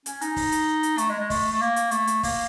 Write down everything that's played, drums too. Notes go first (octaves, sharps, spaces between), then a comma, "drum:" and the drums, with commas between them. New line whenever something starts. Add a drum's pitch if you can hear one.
C#4, drum: hi-hat
D#4, drum: hi-hat
drum: kick, open hi-hat
drum: hi-hat
drum: hi-hat
A3, drum: hi-hat
G#3
G#3
A3, drum: kick, open hi-hat
A3
A#3
drum: hi-hat
A3, drum: hi-hat
drum: hi-hat
A#3, drum: kick, open hi-hat